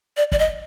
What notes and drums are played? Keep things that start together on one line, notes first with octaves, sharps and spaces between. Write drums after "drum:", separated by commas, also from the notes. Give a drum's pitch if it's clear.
D5
D5, drum: kick
D#5